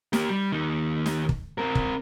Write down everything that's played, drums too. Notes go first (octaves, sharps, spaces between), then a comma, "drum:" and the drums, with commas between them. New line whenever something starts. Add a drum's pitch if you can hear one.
A#3 G4, drum: snare
G3
D#2 D#4
drum: snare
drum: kick
C4 A#4
drum: kick